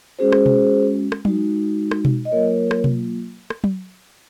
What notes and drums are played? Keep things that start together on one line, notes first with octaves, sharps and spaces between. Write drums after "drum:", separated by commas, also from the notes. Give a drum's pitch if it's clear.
G#3 C#4 F#4 G#4 C5
drum: rim click
drum: tom B2
drum: rim click
G#3 D#4 F#4, drum: tom F#3
drum: rim click
drum: tom B2
D#5
F#3 A#3 F4 A#4 C#5
drum: rim click
drum: tom B2
drum: rim click
drum: tom F#3